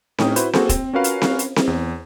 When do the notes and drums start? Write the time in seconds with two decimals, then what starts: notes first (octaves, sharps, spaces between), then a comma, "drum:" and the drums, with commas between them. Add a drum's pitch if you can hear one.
0.18 A2 C#4 D#4 G5 D#6, drum: snare C4
0.36 E4 F#4 B4 C5, drum: hi-hat
0.53 A#3 C4 F#4 G#4 A4 C5, drum: snare C4
0.69 C4, drum: kick, hi-hat
0.94 C#4 F4 F#4 A#4 B4 F5
1.04 drum: hi-hat
1.22 drum: snare C4
1.39 drum: hi-hat
1.56 drum: snare C4
1.67 E2